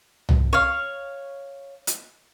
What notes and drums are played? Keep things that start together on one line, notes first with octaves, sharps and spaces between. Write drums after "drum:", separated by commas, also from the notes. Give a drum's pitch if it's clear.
drum: tom C2
C#5 F5
drum: hi-hat